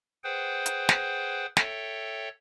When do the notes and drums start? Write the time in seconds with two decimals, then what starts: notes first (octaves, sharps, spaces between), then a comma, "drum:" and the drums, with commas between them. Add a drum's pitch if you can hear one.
0.24 G#4 B4 C5 F#5 G5
0.66 drum: hi-hat
0.89 drum: snare
1.57 A4 C#5 E5 G5, drum: snare